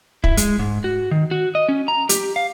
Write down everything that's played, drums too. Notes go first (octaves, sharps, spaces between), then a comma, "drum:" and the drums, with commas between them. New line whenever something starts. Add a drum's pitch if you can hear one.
E4, drum: kick
G#3, drum: hi-hat
G#2
F#4
D#3
F#4
D#5
C#4
A#5
G4, drum: hi-hat
F5